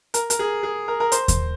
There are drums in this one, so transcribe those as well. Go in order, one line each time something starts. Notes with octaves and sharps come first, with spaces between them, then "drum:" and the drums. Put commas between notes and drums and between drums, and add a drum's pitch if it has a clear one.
A#4, drum: hi-hat
A#4, drum: hi-hat
G#4
G#4
A#4
A#4
C5, drum: hi-hat
drum: kick D#2, hi-hat